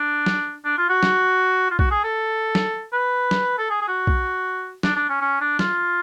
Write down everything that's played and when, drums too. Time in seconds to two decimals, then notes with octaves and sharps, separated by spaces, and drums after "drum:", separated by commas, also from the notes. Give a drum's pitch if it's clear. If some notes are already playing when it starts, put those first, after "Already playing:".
Already playing: D4
0.26 drum: snare
0.65 D4
0.78 F4
0.89 F#4
1.03 drum: snare
1.71 F4
1.79 F#4, drum: kick B1
1.91 G#4
2.04 A4
2.55 drum: snare
2.93 B4
3.31 drum: snare
3.58 A4
3.70 G#4
3.81 G#4
3.88 F#4
4.07 drum: kick B1
4.83 D4, drum: snare
4.96 D4
5.09 C#4
5.21 C#4
5.41 D4
5.59 F4, drum: snare